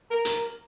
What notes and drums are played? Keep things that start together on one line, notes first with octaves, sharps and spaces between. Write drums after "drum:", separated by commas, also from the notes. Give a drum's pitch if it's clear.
A#4
drum: hi-hat